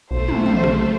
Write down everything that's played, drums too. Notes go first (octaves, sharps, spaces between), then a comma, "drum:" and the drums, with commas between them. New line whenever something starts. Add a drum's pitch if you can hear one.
B1 A3 C5
drum: tom
drum: tom
drum: rim click